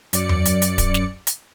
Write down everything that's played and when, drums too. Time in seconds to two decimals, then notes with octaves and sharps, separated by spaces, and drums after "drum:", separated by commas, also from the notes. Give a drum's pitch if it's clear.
0.13 F#2 D5 C#7, drum: hi-hat
0.29 drum: tom E2
0.45 drum: hi-hat
0.62 drum: hi-hat
0.78 drum: kick D1, hi-hat
0.94 drum: snare
1.27 drum: hi-hat